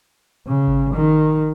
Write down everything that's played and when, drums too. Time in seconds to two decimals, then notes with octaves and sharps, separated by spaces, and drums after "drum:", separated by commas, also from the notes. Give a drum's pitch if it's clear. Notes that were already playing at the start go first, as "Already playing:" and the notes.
0.48 C#3
0.68 drum: kick G#1
0.94 D#3